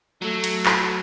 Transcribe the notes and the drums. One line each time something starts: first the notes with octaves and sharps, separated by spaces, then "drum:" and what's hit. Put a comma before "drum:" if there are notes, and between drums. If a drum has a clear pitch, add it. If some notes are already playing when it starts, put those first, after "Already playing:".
F#3 A3
drum: hi-hat
drum: clap